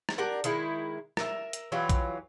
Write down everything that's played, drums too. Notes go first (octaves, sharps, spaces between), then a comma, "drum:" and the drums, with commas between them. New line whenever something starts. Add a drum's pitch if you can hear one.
drum: rim click
D4 G4 A#4 F#5
D#3 G#3 E4, drum: hi-hat
A#4 E5, drum: rim click
drum: hi-hat
E3 F#3 F4 G4
drum: kick, hi-hat